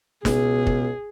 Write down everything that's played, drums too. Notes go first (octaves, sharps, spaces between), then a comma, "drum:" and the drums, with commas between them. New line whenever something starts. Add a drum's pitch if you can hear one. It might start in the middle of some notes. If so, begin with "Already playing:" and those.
C#2 B2 G#4, drum: snare
drum: kick